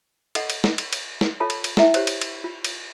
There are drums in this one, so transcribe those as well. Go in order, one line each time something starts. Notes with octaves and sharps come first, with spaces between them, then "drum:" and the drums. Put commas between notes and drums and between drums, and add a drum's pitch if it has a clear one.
A4 D#5 F#5, drum: cymbal
drum: cymbal
drum: snare
drum: cymbal
drum: cymbal
drum: snare
F4 A4 C#5 A5 B5
drum: cymbal
drum: cymbal
E4 E5 G5, drum: snare
G4 C5 C#5, drum: cymbal
drum: cymbal
drum: cymbal
F4
drum: cymbal